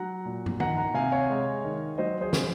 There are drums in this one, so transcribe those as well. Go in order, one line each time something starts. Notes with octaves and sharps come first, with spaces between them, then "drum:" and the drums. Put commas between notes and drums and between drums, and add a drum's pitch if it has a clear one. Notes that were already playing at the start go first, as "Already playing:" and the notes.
Already playing: F#3 F#5 A#5
A#2
drum: tom
D#3 F#5 A#5, drum: tom
F#5 A#5
C3 F5 G#5
C#5 F5
G#3
D#3
F#3 C5 D#5
G#4 C5
F#3, drum: snare